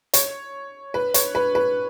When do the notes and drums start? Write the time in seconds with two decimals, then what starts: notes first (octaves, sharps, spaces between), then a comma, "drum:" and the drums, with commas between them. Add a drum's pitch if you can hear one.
0.14 C#5, drum: hi-hat
0.94 B4
1.14 C#5, drum: hi-hat
1.35 B4
1.55 B4